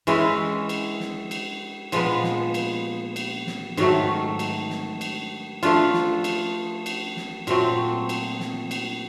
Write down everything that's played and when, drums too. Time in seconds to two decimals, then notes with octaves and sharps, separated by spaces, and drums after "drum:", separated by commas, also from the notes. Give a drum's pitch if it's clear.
0.07 E3 G#3 C#4 E4, drum: cymbal
0.69 drum: cymbal
1.00 drum: snare
1.31 drum: cymbal
1.92 A#2 F3 G#3 B3, drum: cymbal
2.23 drum: snare
2.54 drum: cymbal
3.16 drum: cymbal
3.47 drum: snare
3.77 G#2 D#3 F#3 A3, drum: cymbal
4.39 drum: cymbal
4.70 drum: snare
5.01 drum: cymbal
5.63 F3 A3 D4 F4, drum: cymbal
5.93 drum: snare
6.24 drum: cymbal
6.86 drum: cymbal
7.17 drum: snare
7.47 A#2 F#3 A3 C4, drum: cymbal
8.09 drum: cymbal
8.40 drum: snare
8.71 drum: cymbal